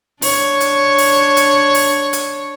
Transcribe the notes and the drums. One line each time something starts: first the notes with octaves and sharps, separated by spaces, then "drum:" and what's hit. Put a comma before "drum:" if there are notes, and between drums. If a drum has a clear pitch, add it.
D4 C#5, drum: open hi-hat
drum: hi-hat
drum: open hi-hat
drum: hi-hat
drum: open hi-hat
drum: hi-hat